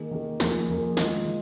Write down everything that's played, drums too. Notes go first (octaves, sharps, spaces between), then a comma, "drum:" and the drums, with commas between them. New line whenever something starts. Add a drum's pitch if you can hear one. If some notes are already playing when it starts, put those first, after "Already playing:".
Already playing: D#3 A#3 G#4
D#3 A#3 G#4
F2 F3 A#3 G#4, drum: snare
F2 F3 A#3 G#4
D#3 G#3 F4, drum: snare
D#3